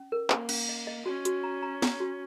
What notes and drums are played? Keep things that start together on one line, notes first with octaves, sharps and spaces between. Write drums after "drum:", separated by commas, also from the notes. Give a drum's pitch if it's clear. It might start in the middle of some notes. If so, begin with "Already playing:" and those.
Already playing: C#4
A#4
A#3 C#4, drum: clap
C#4, drum: cymbal
D#5
D#5
C#4 F#4
F#4, drum: hi-hat
A#5
A#5
A#5, drum: snare
F#4